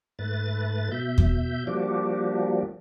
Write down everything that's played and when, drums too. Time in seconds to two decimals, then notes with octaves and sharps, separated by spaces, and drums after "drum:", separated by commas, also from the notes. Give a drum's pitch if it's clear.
0.19 G#2 A3 B4 A6
0.92 B2 E5 G6
1.18 drum: kick E2
1.67 F3 G3 A#3 D4 F#4 G4